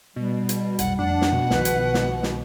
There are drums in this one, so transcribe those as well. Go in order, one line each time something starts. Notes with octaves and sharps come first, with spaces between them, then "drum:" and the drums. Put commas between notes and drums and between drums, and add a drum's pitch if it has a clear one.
B2 G3
drum: hi-hat
F1 B1 F#5, drum: hi-hat
F2 A3 D4 F#5
drum: snare
B2
B1 D#3 F3 B4, drum: snare
drum: hi-hat
drum: snare
drum: snare